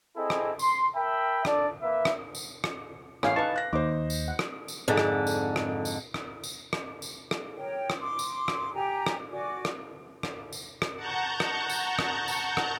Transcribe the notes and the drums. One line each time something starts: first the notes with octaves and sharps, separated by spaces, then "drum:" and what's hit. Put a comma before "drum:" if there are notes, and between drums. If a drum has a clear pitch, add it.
C4 E4 G#4 A4 D#5
drum: rim click
C6, drum: tambourine
A#4 E5 G5 A5 B5
D4 A4 D5, drum: rim click
A#3 B4 E5
drum: rim click
drum: tambourine
drum: rim click
A1 C#4 F5 G#5, drum: rim click
D#4 B4 F5 A5 C#6
F5 F#6 A#6
D#2 D#4 C5 D6
drum: tambourine
F#5
drum: rim click
drum: tambourine
F2 G#2 D3
drum: rim click
drum: tambourine
drum: rim click
drum: tambourine
drum: rim click
drum: tambourine
drum: rim click
drum: tambourine
drum: rim click
A#4 C#5 G5
drum: rim click
C6 D6
drum: tambourine
drum: rim click
G4 G5 G#5 A#5
drum: rim click
F#4 D5 G#5 D6
drum: rim click
drum: rim click
drum: tambourine
drum: rim click
F#5 A5 A#5 C#6 G6
drum: rim click
drum: tambourine
drum: rim click
drum: tambourine
drum: rim click